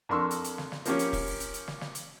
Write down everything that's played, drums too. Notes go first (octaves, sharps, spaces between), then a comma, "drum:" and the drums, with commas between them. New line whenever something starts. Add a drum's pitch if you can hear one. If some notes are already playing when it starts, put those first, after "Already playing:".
F2 D4 A#4 C6 C#6 E6
drum: hi-hat
drum: hi-hat
drum: snare
drum: snare
F3 A#3 C#4 G4 C#5, drum: hi-hat
drum: hi-hat
drum: kick E1, open hi-hat
drum: open hi-hat
drum: hi-hat
drum: hi-hat
drum: snare
drum: snare
drum: hi-hat